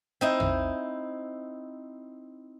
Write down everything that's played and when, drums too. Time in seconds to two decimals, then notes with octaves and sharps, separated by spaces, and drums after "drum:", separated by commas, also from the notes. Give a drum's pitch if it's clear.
0.21 C4 D#4 E4
0.40 drum: tom